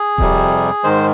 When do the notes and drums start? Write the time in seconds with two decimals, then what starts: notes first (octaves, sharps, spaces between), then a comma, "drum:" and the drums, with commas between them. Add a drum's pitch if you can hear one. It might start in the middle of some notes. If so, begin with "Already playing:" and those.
Already playing: G#4
0.18 F2 C3 G3, drum: kick D#1
0.84 G#2 D#3 G#3 C5